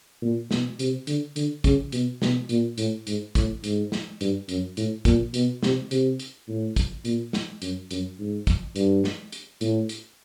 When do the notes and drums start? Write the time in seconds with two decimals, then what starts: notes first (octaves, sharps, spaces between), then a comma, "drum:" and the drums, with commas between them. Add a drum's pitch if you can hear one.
0.22 A#2
0.51 B2, drum: snare
0.79 C3, drum: hi-hat
1.07 D3, drum: hi-hat
1.36 D3, drum: hi-hat
1.64 C#3, drum: kick, hi-hat
1.92 B2, drum: hi-hat
2.22 B2, drum: snare
2.49 A#2, drum: hi-hat
2.78 A2, drum: hi-hat
3.07 G#2, drum: hi-hat
3.35 A2, drum: kick, hi-hat
3.64 G#2, drum: hi-hat
3.92 drum: snare
4.21 G2, drum: hi-hat
4.49 F#2, drum: hi-hat
4.77 A2, drum: hi-hat
5.05 A#2, drum: kick, hi-hat
5.34 B2, drum: hi-hat
5.63 C3, drum: snare
5.91 C3, drum: hi-hat
6.20 drum: hi-hat
6.48 A2
6.76 drum: kick, hi-hat
7.05 A#2, drum: hi-hat
7.33 drum: snare
7.62 F#2, drum: hi-hat
7.91 F#2, drum: hi-hat
8.19 G#2
8.47 drum: kick, hi-hat
8.76 G2, drum: hi-hat
9.04 drum: snare
9.32 drum: hi-hat
9.61 A2, drum: hi-hat
9.89 drum: hi-hat